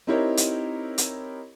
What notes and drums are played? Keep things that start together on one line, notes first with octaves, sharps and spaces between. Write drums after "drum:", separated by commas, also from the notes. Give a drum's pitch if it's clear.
C4 D#4 E4 G4 A#4 C#5
drum: hi-hat
drum: hi-hat